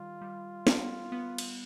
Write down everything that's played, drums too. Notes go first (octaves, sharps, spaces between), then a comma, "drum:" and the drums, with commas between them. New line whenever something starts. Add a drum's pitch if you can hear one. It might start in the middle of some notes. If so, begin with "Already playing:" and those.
Already playing: D#3 G3 F4
G3
B3, drum: snare
B3
drum: cymbal